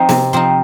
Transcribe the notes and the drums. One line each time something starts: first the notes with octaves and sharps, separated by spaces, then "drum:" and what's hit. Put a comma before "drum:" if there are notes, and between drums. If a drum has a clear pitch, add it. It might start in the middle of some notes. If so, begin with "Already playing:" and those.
Already playing: F3 C4 D#4
C3, drum: snare
F3 C4 D#4